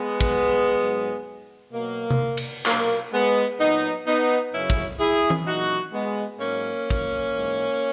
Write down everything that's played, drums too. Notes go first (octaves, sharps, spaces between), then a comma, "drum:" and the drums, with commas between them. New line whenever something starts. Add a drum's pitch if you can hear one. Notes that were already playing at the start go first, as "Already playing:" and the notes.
Already playing: G#3 B3
drum: kick
G#2 F#3
B2 F#3 A#3
drum: tom C3
drum: cymbal
B2 F#3 A#3, drum: clap
G#3 B3
A#2 F#3 B3 D#4
B3 D#4
F#2 C#3 F#3 C#4 E4
drum: kick
E4 G#4
drum: tom E3
A#2 F#3 D#4 F#4
G#3 B3
G#2 F#3 A#3 C#4
drum: kick
G#2 E3